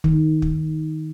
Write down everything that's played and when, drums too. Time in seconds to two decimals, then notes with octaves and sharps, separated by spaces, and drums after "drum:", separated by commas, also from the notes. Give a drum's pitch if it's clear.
0.04 D#3, drum: kick
0.42 drum: kick